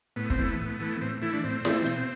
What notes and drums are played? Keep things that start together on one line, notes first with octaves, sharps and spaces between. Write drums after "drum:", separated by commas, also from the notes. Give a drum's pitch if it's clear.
A2 B3
C4, drum: kick
E3 A3
B3
A2
E3 A3
A2 C4
E3 A3 E4
D4
A2 C4
E3 A3, drum: snare E4
B2, drum: hi-hat